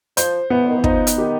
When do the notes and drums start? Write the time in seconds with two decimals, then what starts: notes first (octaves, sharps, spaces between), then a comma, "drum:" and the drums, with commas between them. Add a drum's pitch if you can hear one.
0.17 F3 C5, drum: hi-hat
0.50 E3 B3
0.63 D3
0.69 D#3
0.77 E3
0.84 F3 D#4, drum: kick
1.07 drum: hi-hat
1.18 D#3 G4